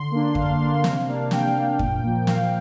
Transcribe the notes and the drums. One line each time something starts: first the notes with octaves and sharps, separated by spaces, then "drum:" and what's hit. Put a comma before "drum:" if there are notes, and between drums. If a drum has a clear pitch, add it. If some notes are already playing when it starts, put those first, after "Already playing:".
Already playing: D3 C6
A#3 D4
D3 F5, drum: kick F2
A#3 D4
C3, drum: snare
A#3 D4
C3 G5, drum: snare
A#3 D4
A#2, drum: kick F2
F3 A#3
A#2 F5, drum: snare